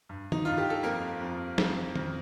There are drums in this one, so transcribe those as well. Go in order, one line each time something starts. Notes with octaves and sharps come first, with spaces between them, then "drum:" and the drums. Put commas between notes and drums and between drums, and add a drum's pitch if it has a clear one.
G2
D#4, drum: tom
G2 F4
G4
A4
F2 A#3 A#4
F2
F2, drum: snare
F2, drum: tom